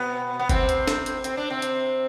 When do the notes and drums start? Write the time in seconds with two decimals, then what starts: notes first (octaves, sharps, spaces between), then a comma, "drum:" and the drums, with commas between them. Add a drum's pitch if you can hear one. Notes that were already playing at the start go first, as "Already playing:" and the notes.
Already playing: B2 B3
0.39 B3
0.49 C3 C4, drum: kick G1, hi-hat
0.69 drum: hi-hat
0.88 drum: snare
1.06 drum: hi-hat
1.24 C4, drum: hi-hat
1.37 D4
1.50 C3 C4
1.62 drum: hi-hat